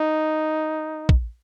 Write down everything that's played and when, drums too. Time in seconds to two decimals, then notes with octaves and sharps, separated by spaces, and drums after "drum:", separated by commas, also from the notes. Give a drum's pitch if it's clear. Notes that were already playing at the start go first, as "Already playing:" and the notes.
Already playing: D#4
1.09 drum: kick